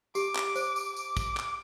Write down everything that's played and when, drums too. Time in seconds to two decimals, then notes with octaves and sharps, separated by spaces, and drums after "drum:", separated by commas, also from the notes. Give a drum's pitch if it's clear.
0.15 G4 D6, drum: tambourine
0.35 drum: clap
0.56 C5, drum: tambourine
0.76 drum: tambourine
0.97 D6, drum: tambourine
1.17 drum: kick, tambourine
1.37 drum: clap